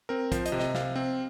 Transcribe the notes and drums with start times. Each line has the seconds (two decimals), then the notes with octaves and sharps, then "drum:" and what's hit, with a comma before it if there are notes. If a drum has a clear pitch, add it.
0.09 C4 A#4
0.32 F3 C5, drum: kick, hi-hat
0.45 D#5, drum: hi-hat
0.52 C3
0.59 D#5, drum: snare
0.74 C3 F5, drum: snare
0.96 C4